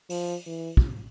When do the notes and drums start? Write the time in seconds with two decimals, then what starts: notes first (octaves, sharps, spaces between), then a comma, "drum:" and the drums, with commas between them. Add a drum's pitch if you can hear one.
0.10 F3, drum: open hi-hat
0.46 E3
0.77 drum: kick